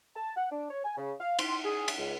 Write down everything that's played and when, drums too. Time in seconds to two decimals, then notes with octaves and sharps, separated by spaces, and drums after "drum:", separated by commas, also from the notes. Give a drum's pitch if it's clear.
0.16 A5
0.36 F#5
0.51 D4
0.70 C#5
0.84 G#5
0.97 C#3
1.20 F5
1.39 C6, drum: cymbal
1.65 G#4
1.88 drum: cymbal
1.98 C#2